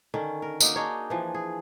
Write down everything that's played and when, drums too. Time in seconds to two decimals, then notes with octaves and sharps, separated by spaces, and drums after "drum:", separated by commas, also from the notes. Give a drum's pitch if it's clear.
0.14 D3 D#3 C#4
0.42 A#4
0.60 A#3 D#4 F#4, drum: tambourine
0.76 D4 D#4 G#4 C#5
1.10 E3 F3
1.34 G#4